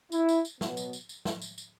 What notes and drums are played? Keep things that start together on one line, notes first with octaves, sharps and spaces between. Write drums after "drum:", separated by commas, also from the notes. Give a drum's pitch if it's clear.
E4, drum: tambourine
drum: tambourine
drum: tambourine
B2 F#3 B3, drum: snare
drum: tambourine
drum: tambourine
drum: tambourine
drum: snare
drum: tambourine
drum: tambourine